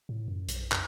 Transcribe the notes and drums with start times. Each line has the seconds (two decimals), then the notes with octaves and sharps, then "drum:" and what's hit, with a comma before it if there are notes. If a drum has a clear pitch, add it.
0.09 A2
0.28 F#2
0.49 B1, drum: hi-hat
0.72 F#2, drum: clap